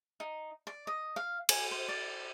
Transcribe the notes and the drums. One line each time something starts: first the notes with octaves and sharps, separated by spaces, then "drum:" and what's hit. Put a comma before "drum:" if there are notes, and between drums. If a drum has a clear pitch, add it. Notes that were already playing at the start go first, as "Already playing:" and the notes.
D#4
D5
D#5
F5
G#5, drum: cymbal
C5
D5